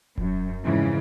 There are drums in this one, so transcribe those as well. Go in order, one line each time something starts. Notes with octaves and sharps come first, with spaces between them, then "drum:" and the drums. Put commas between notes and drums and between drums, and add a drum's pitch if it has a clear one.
F#2, drum: kick E1
F2 G#2 C#3 E3 F3